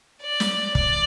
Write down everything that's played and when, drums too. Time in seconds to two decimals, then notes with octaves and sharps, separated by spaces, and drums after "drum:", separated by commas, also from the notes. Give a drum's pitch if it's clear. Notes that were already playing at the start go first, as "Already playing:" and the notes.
0.22 D5
0.40 drum: snare
0.75 D5, drum: kick